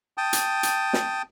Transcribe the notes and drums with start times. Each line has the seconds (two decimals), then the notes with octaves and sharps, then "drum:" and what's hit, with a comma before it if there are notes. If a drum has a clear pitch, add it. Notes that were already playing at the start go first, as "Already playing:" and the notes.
0.18 G5 A5 D#6
0.33 drum: hi-hat
0.63 drum: hi-hat
0.93 drum: snare